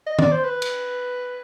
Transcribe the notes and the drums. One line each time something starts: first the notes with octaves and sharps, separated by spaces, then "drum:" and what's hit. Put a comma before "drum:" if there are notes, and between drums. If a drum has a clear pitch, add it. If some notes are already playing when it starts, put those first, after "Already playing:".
D#5
D5, drum: tom D#3
C5
B4
drum: cymbal